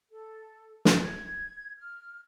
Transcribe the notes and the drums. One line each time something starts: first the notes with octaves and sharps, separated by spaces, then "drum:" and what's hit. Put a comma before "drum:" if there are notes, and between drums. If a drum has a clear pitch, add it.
A4
drum: snare
G#6
F6